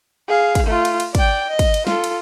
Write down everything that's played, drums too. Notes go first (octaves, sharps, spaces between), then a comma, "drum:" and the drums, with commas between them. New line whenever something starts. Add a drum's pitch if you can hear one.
G#4 F5
drum: kick, cymbal
A3 F4
drum: cymbal
drum: cymbal
D5 G5, drum: kick, cymbal
D#5
drum: kick, cymbal
drum: cymbal
F4 A4, drum: snare
drum: cymbal